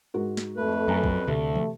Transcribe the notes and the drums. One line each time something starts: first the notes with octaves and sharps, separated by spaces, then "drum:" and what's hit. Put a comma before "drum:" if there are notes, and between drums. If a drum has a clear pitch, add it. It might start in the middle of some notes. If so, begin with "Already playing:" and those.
G#2 F#4 A#4
drum: snare
F2 A3 B4
F#2 G#5 A#5
drum: kick
D2 C3 A3
drum: tom